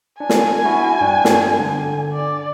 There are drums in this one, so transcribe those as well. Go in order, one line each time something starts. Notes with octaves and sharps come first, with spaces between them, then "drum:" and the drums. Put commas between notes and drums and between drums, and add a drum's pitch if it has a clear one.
D4 G#5
drum: snare
E4 F#4
G2 D4 G5
drum: snare
D3
D5